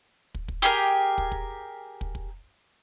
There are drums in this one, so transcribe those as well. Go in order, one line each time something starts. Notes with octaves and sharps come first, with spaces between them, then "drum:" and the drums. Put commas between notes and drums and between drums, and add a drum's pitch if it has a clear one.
drum: kick
drum: kick
G4 G#4 A#4
drum: kick
drum: kick
drum: kick
drum: kick